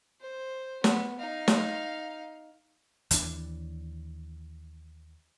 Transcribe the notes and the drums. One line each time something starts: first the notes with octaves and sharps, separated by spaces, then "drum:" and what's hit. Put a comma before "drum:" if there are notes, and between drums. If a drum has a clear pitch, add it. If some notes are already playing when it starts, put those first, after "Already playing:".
C5
B3, drum: snare
D#4 F5
drum: snare
D#2 E3 D4, drum: hi-hat